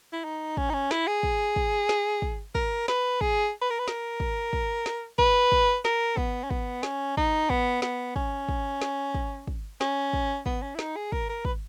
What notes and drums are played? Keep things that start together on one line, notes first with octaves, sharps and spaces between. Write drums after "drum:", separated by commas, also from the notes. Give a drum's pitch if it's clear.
E4
D#4
C#4, drum: kick
D#4
C#4
E4, drum: snare
G#4
drum: kick
drum: kick
drum: snare
drum: kick
A#4, drum: kick
B4, drum: snare
G#4, drum: kick
B4
A#4
B4
A#4, drum: snare
drum: kick
drum: kick
drum: snare
B4, drum: kick
drum: kick
A#4, drum: snare
B3, drum: kick
C#4
B3, drum: kick
C#4, drum: snare
D#4, drum: kick
B3, drum: kick
B3, drum: snare
C#4, drum: kick
drum: kick
drum: snare
drum: kick
drum: kick
C#4, drum: snare
drum: kick
B3, drum: kick
C#4
E4
D#4, drum: snare
G#4
A#4, drum: kick
A#4
B4, drum: kick